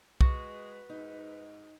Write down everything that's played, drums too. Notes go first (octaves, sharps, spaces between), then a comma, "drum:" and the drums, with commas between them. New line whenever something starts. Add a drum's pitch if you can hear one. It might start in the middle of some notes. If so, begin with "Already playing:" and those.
G#3 F#4 B4, drum: kick
G#2 D#4